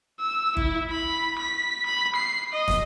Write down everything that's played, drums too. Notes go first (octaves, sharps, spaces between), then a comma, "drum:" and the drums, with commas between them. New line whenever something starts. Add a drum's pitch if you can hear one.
E6
E4, drum: kick G1
B5
B6
B5
C7
D#5
drum: snare